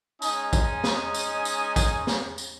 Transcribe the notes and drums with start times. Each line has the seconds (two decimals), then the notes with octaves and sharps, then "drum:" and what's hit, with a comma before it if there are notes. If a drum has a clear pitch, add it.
0.22 G#3 C#4 D#4 D#5 G#5 D#6, drum: tambourine
0.53 drum: kick A1, tambourine
0.84 drum: snare
1.14 drum: tambourine
1.45 drum: tambourine
1.76 drum: kick A1, tambourine
2.07 drum: snare
2.38 drum: tambourine